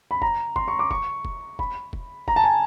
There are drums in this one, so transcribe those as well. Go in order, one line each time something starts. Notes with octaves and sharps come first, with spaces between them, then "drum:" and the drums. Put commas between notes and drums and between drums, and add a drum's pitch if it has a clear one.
B5
A#5, drum: kick
C6, drum: kick
C#6
D6
C#6, drum: kick
drum: kick
B5, drum: kick
drum: kick
A#5, drum: kick
A5
G#5